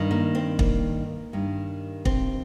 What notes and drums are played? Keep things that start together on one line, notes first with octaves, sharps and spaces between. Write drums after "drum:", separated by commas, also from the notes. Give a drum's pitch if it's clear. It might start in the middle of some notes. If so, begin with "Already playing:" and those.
Already playing: G2 D#3
A#3
C4
A#3, drum: kick
G2 D#3
C4, drum: kick